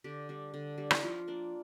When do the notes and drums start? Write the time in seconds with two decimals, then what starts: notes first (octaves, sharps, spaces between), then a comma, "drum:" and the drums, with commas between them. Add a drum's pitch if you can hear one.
0.04 D3 G4
0.29 G3 D4
0.54 D3
0.78 G3 D4
0.91 E4, drum: rim click
1.03 F3 F4
1.28 A#3 D4